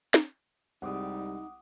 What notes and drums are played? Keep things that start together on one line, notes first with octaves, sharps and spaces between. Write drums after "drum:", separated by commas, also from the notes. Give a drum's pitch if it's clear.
drum: snare
C2 G3 G#3 C4 D#4 F#5 D6 D#6